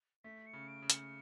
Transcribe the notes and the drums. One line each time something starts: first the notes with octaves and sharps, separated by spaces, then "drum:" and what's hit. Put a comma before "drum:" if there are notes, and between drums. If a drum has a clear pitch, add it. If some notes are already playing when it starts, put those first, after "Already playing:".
A3 B6
C#7
C#3
D7
C#3
C#7, drum: hi-hat